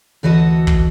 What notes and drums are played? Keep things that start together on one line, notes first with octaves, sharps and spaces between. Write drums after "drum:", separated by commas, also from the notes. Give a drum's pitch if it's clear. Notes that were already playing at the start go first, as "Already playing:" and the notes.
D2 E3 F#4 A4 D#5
drum: kick